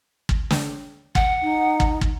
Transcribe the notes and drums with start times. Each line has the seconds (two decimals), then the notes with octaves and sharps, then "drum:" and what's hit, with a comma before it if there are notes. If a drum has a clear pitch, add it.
0.29 drum: kick
0.50 drum: snare
1.15 F#5, drum: kick
1.43 D#4
1.80 drum: kick
2.01 drum: kick